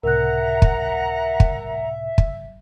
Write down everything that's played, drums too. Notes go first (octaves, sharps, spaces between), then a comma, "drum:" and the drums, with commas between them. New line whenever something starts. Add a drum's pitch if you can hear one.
C#2 A2 C3 A#4 E5 F#5 A#5 F#6
drum: kick
drum: kick
drum: kick